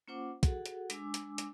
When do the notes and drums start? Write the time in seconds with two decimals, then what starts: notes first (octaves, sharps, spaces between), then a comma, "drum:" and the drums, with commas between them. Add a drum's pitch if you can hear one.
0.08 A#3 C#4 F4 C5 F#5 D6
0.43 F#4 G#4 A4 F#5, drum: kick, hi-hat
0.66 drum: hi-hat
0.90 G#3 D4 G#5 D6 E6, drum: hi-hat
1.14 drum: hi-hat
1.38 drum: hi-hat